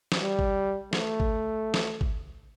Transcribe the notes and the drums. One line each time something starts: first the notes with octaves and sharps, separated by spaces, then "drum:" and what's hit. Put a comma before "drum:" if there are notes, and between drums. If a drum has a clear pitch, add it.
drum: snare
G3
drum: kick G#1
A3, drum: snare
drum: kick G#1
drum: snare
drum: kick G#1